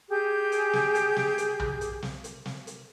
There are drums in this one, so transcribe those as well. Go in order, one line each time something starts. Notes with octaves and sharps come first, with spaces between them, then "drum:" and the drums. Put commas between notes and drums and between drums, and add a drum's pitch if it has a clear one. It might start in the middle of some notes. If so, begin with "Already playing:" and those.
G4 G#4 G6
drum: hi-hat
drum: snare
drum: hi-hat
drum: snare
drum: hi-hat
drum: tom B1
drum: hi-hat
drum: snare
drum: hi-hat
drum: snare
drum: hi-hat